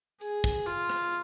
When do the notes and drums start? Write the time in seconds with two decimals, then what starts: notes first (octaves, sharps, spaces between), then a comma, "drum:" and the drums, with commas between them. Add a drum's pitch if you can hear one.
0.21 G#4, drum: tambourine
0.44 drum: kick
0.66 F4, drum: tambourine
0.90 drum: rim click